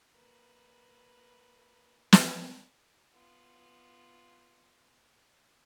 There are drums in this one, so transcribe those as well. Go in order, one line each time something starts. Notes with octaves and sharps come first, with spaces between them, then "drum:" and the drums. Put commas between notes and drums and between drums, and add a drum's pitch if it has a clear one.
A#3 B4
drum: snare
B3 F4